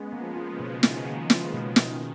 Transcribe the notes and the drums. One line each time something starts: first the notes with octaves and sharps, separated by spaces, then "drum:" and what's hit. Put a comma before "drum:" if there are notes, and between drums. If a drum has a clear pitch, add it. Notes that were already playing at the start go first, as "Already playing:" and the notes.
Already playing: G#3 B3 C#4
A#3
F3 G#3
F4
C#3
B2
D#3 C#4, drum: snare
A#3
C#3 F4, drum: snare
B2
D#3 C#4, drum: snare